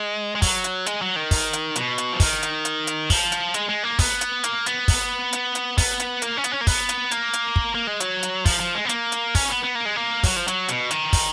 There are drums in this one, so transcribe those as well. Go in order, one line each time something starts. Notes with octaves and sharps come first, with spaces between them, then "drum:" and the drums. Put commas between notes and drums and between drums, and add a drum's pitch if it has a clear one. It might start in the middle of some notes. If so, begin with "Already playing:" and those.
Already playing: G#3
G#3
F#3, drum: kick, open hi-hat
drum: hi-hat
G#3, drum: hi-hat
F#3
D#3
drum: kick, open hi-hat
drum: hi-hat
B2, drum: hi-hat
drum: hi-hat
F3
D#3, drum: kick, open hi-hat
drum: hi-hat
drum: hi-hat
drum: hi-hat
F3, drum: kick, open hi-hat
drum: hi-hat
G#3, drum: hi-hat
G#3
A#3
B3, drum: kick, open hi-hat
drum: hi-hat
A#3, drum: hi-hat
B3, drum: hi-hat
drum: kick, open hi-hat
drum: hi-hat
drum: hi-hat
B3, drum: kick, open hi-hat
drum: hi-hat
A#3, drum: hi-hat
C#4
B3, drum: hi-hat
C#4
A#3
B3, drum: kick, open hi-hat
drum: hi-hat
A#3, drum: hi-hat
drum: hi-hat
drum: kick
A#3
G#3
F#3, drum: hi-hat
drum: hi-hat
F3, drum: kick, open hi-hat
F3
G#3
B3
A#3, drum: hi-hat
drum: hi-hat
C#4, drum: kick, open hi-hat
B3
B3
A#3
G#3
A#3
F#3, drum: kick, open hi-hat
F3
F#3, drum: hi-hat
B2, drum: hi-hat
D#3, drum: hi-hat
drum: kick, open hi-hat